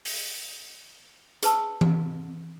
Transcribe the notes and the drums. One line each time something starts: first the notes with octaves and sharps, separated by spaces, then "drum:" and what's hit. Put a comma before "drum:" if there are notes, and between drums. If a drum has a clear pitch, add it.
drum: open hi-hat
G#4 B4 A5 E6, drum: hi-hat
drum: tom E3